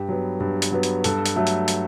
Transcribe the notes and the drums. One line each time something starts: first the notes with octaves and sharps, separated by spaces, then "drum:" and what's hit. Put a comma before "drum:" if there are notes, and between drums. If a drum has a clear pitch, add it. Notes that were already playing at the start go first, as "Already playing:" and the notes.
Already playing: G2 G4
F#3 B3
G2
drum: hi-hat
F#3 B3
drum: hi-hat
G2 A4, drum: hi-hat
drum: hi-hat
F#3 A3
drum: hi-hat
drum: hi-hat